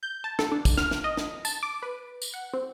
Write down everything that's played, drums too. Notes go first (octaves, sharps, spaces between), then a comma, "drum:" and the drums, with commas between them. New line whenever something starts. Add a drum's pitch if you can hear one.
G6
A5
A4, drum: snare
D4
drum: kick, tambourine
F6, drum: snare
drum: snare
D#5
drum: snare
A5, drum: tambourine
D6
B4
drum: tambourine
F#5
C4